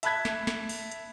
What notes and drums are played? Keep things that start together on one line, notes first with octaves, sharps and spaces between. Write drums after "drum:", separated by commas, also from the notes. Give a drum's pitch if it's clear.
E5 A5 B5 F#6 G#6 B6, drum: hi-hat
drum: snare
drum: snare
drum: open hi-hat
drum: hi-hat